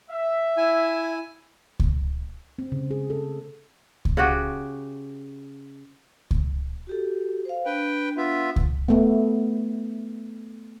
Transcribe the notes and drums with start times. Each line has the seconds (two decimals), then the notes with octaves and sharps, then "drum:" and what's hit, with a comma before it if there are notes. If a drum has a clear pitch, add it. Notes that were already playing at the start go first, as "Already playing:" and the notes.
0.10 E5
0.57 E4 G#5
1.80 drum: kick C#2
2.59 C4
2.72 C#3
2.91 G#4
3.10 A4
4.05 drum: kick C#2
4.17 C#3 F#4 G4
6.31 drum: kick C#2
6.87 F#4 G4 A4
7.45 C5 F5
7.66 D4 B4 G5
8.17 B3 F4 E5
8.56 drum: kick C#2
8.88 A3 B3